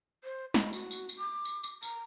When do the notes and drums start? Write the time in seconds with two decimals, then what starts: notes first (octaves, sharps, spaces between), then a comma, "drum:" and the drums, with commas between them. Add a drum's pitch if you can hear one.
0.24 C5
0.54 D#5, drum: snare
0.73 F#4, drum: tambourine
0.91 drum: tambourine
1.09 drum: tambourine
1.19 D6
1.45 drum: tambourine
1.63 drum: tambourine
1.83 A#5, drum: tambourine